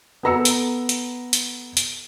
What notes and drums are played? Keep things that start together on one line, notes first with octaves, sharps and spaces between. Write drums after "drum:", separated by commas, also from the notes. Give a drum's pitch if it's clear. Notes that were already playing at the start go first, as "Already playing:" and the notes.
B3 A4 A#5 E6 C#7
drum: hi-hat
drum: hi-hat
drum: hi-hat
drum: hi-hat